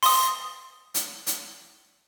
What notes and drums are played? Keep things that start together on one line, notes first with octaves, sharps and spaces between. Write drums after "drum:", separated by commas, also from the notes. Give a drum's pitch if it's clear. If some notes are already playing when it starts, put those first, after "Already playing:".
C6 D#6, drum: open hi-hat
drum: hi-hat
drum: hi-hat